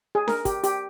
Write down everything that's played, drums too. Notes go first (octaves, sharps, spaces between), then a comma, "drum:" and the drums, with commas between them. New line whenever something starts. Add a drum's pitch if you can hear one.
G#4
A#4, drum: snare D4
G4, drum: kick, hi-hat
G4, drum: hi-hat